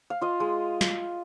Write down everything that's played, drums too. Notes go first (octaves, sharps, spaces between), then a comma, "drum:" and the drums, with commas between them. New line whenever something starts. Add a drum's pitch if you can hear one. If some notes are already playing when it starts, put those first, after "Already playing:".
F5
F4 D#5
G#3
drum: snare